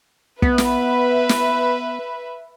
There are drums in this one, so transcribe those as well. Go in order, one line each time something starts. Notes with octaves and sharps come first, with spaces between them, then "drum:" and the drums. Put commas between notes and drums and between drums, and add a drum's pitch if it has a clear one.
B3 B4 E5, drum: kick
drum: snare
drum: snare